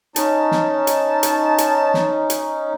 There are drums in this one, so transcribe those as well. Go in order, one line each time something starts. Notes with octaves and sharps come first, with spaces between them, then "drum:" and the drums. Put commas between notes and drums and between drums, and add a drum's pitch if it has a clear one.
C#4 D#4 A5, drum: hi-hat
drum: snare
drum: hi-hat
drum: hi-hat
drum: hi-hat
drum: snare
drum: hi-hat